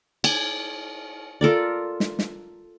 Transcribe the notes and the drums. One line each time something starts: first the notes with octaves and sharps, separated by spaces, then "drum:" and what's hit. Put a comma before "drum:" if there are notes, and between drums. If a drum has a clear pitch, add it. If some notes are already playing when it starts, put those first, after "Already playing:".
G#5, drum: cymbal
F4 A4 A#4 D5
drum: snare
drum: snare